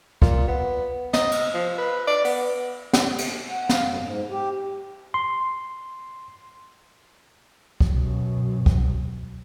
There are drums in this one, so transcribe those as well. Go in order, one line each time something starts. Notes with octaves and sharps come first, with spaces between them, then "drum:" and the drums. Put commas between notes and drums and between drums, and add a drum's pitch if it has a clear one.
A#2, drum: kick
B3
D#5, drum: snare
drum: cymbal
F3
B4
D5
B3, drum: open hi-hat
drum: snare
drum: cymbal
F#5
F5, drum: snare
F#2
G#2
G4
C6
drum: kick
F#2 B2
drum: kick